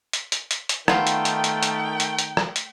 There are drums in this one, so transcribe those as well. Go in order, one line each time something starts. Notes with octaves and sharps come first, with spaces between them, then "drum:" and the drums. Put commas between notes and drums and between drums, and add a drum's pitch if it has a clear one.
drum: hi-hat
drum: hi-hat
drum: hi-hat
drum: hi-hat
D#3 A3 B3 F4 G5, drum: rim click
drum: hi-hat
drum: hi-hat
drum: hi-hat
drum: hi-hat
drum: hi-hat
drum: hi-hat
drum: rim click
drum: hi-hat